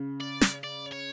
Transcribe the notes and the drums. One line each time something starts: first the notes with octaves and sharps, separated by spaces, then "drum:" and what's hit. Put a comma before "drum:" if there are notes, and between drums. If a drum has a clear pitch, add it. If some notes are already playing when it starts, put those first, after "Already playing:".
Already playing: C#3
D5
drum: snare
D5
C#5